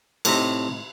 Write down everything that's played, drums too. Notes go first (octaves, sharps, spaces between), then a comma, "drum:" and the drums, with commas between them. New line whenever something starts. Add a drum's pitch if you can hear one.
A2 C3 D#4, drum: cymbal